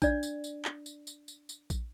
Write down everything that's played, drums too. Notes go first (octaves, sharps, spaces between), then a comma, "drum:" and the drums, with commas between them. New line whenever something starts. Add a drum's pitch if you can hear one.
D4 D5, drum: kick A#1, tambourine
drum: tambourine
drum: tambourine
drum: clap
drum: tambourine
drum: tambourine
drum: tambourine
drum: tambourine
drum: kick A#1, tambourine